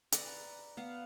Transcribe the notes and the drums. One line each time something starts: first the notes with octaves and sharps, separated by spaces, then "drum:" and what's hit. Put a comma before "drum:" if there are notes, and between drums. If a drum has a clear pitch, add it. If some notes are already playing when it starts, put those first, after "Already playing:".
B4 D5 F#5 A#5, drum: hi-hat
B3 F5 F#5